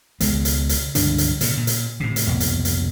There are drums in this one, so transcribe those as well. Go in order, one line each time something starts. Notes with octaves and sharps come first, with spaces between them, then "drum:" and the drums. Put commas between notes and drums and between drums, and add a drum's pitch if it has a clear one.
C#2 B2 G#3, drum: hi-hat
drum: hi-hat
drum: hi-hat
C#2 G2 D3 D4, drum: hi-hat
drum: hi-hat
A#2 C#3, drum: hi-hat
A#2
drum: hi-hat
A2 C3
drum: hi-hat
C2 F2 B2 A#3
drum: hi-hat
drum: hi-hat